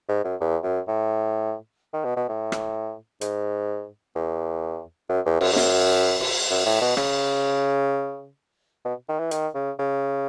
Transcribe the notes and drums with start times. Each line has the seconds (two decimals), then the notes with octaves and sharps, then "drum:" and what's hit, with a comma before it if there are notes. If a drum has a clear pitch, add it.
0.09 G#2
0.24 F#2
0.41 E2
0.63 F#2
0.88 A2
1.93 D#3
2.04 B2
2.16 B2
2.29 A2
2.52 drum: rim click
3.21 G#2, drum: hi-hat
4.16 E2
5.09 F#2
5.26 E2
5.41 F#2, drum: cymbal
5.53 G#2
5.56 F#2, drum: snare
6.20 drum: cymbal
6.50 F#2
6.66 A2
6.81 B2
6.97 C#3, drum: rim click
8.85 B2
9.09 D#3
9.19 E3
9.31 D#3, drum: hi-hat
9.55 C#3
9.79 C#3